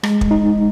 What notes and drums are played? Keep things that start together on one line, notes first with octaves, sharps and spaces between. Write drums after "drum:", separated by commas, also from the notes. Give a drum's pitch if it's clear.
G#3, drum: rim click
drum: kick
D#4